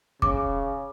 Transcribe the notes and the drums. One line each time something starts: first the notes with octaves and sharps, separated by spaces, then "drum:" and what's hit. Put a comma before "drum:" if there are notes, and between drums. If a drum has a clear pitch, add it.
C#3 D6, drum: kick